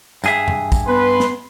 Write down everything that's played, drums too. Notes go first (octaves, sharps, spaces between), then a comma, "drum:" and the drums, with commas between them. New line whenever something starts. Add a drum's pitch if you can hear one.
G2 G#4 E5, drum: tambourine
drum: tom E2
drum: kick, tambourine
B3 B4 C6
drum: snare